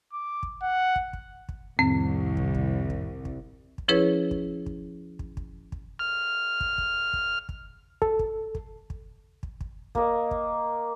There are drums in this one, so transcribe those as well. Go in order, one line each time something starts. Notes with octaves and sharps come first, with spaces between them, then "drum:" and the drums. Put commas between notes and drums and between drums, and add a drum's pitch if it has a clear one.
D6
drum: kick
F#5
drum: kick
drum: kick
drum: kick
C2 F2 A2 D#3 C4
drum: kick
drum: kick
drum: kick
drum: kick
drum: kick
F3 C#4 E4 G#4 B4 C#5
drum: kick
drum: kick
drum: kick
drum: kick
drum: kick
F6
drum: kick
drum: kick
drum: kick
drum: kick
A4, drum: kick
drum: kick
drum: kick
drum: kick
drum: kick
drum: kick
A#3 D#5, drum: kick
drum: kick